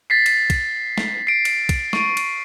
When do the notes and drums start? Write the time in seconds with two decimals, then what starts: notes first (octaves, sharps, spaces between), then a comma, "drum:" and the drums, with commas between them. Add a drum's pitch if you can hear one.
0.10 A6 B6 C7
0.26 drum: cymbal
0.50 drum: kick, cymbal
0.98 drum: snare
1.27 C7 D7
1.45 drum: cymbal
1.69 drum: kick, cymbal
1.93 C#6 D7, drum: snare
2.17 drum: cymbal